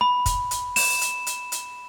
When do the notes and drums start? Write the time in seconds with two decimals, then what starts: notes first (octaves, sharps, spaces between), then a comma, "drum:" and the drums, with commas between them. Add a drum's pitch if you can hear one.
0.01 B5
0.26 drum: kick, hi-hat
0.51 drum: hi-hat
0.76 E7, drum: open hi-hat
1.01 drum: hi-hat
1.27 drum: hi-hat
1.52 drum: hi-hat